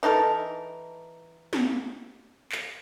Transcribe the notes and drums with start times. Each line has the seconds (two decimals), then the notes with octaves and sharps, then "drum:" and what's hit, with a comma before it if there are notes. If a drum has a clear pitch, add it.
0.03 E3 D#4 A4 A#4
1.53 drum: snare
2.52 drum: clap